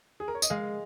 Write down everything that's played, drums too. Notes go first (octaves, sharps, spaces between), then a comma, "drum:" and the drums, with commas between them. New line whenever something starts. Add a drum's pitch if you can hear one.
G#4
A#4
C#5
D#5, drum: tambourine
G#3 F5